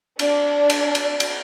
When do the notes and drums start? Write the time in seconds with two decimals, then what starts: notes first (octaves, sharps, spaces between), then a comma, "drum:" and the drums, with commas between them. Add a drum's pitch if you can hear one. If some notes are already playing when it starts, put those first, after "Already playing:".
0.19 D4, drum: cymbal
0.70 drum: cymbal
0.95 drum: cymbal
1.20 drum: cymbal